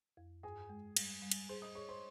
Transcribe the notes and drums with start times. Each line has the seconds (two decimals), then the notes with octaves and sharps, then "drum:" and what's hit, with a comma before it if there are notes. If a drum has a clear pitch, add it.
0.17 F2
0.43 G2 G#4 G#5
0.69 G#3
0.97 G3, drum: cymbal
1.22 G3
1.32 drum: cymbal
1.49 G#4 C5 C6
1.62 D#5 D#6
1.75 G#4 C#5 C#6
1.89 C5 C6